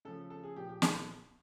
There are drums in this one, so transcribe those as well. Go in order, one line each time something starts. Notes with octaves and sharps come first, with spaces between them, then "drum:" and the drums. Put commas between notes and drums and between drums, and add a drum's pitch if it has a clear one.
C#3 F3 A4
A4
G#4
A#2 F3 G4
G4
G#4, drum: snare